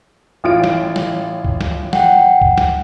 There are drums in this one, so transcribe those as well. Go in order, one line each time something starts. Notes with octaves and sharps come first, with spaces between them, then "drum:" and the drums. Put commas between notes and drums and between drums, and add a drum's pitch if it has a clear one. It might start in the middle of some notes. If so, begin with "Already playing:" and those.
A1 F4 D7
drum: snare
drum: snare
drum: kick C#2
drum: snare
F#5 G5, drum: snare
drum: kick C#2
drum: snare